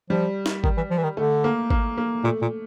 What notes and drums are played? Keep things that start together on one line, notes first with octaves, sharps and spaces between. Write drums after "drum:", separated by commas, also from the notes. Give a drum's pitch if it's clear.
F3 G3
drum: snare
D#3, drum: kick G#1
E3
F3
E3
D#3
D3 A3
A#3
A#3, drum: kick G#1
A#3
A#2 A3
A#2